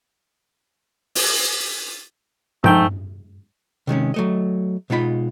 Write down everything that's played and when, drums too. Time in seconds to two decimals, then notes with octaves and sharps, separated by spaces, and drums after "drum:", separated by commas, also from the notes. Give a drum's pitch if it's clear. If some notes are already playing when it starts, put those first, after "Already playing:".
1.15 drum: open hi-hat
2.64 G#2 F3 A3 D#4 G5 G6 G7, drum: tom G2
3.87 C3 D#3 G#3 C#4
4.14 F#3 A3 D#5
4.90 B2 G#3 D#4 F4 B5